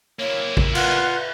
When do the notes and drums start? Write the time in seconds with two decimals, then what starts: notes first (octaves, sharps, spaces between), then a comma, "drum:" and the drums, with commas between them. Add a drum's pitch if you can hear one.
0.19 A#3 E4 C#5
0.57 drum: kick A1
0.75 F4 B4 F#5, drum: cymbal